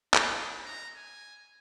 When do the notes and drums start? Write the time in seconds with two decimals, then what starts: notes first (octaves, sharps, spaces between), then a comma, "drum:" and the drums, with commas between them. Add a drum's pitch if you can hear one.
0.14 D4, drum: clap
0.65 A#5
0.96 G#5